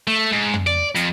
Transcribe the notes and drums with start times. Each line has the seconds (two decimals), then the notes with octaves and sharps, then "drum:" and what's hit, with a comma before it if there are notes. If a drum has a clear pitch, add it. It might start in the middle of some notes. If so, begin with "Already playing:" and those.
0.07 A3
0.32 G#2
0.53 drum: tom
0.67 D5
0.96 F2, drum: hi-hat